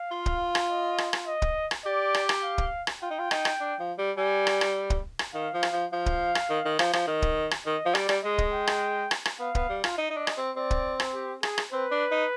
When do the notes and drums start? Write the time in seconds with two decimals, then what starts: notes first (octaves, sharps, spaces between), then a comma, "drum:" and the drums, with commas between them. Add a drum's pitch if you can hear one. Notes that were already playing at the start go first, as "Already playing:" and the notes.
Already playing: F5
0.11 F4
0.26 drum: kick
0.55 drum: rim click
0.70 D#5
0.98 drum: rim click
1.13 drum: rim click
1.27 D#5
1.42 drum: kick
1.71 drum: rim click
1.85 G4 D5
2.14 drum: rim click
2.29 drum: rim click
2.43 F5
2.58 drum: kick
2.87 drum: rim click
3.02 F4 G5
3.10 D#4
3.18 F4
3.31 D#4, drum: rim click
3.45 drum: rim click
3.60 D4
3.79 F3
3.98 G3
4.17 G3 G#5
4.47 drum: rim click
4.61 drum: rim click
4.90 drum: kick
5.19 drum: rim click
5.34 D#3 F5
5.53 F3
5.63 drum: rim click
5.72 F3
5.91 F3 F5
6.06 drum: kick
6.35 drum: rim click
6.49 D#3
6.65 D#3
6.79 F3, drum: rim click
6.93 F3, drum: rim click
7.07 D#3 D#5
7.22 drum: kick
7.51 drum: rim click
7.66 D#3 D#5
7.85 F3
7.95 G3 D5, drum: rim click
8.09 G3, drum: rim click
8.23 G#3 D#5
8.38 drum: kick
8.53 G5
8.67 drum: rim click
9.11 drum: rim click
9.25 drum: rim click
9.39 B3 F5
9.55 B3, drum: kick
9.69 G3
9.84 F4, drum: rim click
9.98 D#4 D#5
10.10 D#4
10.17 D4
10.27 drum: rim click
10.37 C4
10.56 C4 D5
10.71 drum: kick
11.00 drum: rim click
11.14 G4
11.43 G#4, drum: rim click
11.58 drum: rim click
11.72 C4 B4
11.91 D4
12.11 D#4